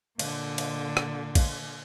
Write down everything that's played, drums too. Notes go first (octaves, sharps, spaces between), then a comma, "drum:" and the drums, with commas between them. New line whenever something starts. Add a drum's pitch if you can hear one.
A#2 D3, drum: cymbal
drum: cymbal
drum: rim click
drum: kick, cymbal